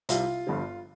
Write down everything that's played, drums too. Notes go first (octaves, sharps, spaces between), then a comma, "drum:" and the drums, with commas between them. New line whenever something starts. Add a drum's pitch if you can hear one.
C2 C3 G3 F4, drum: hi-hat
G1 G2 D3 F3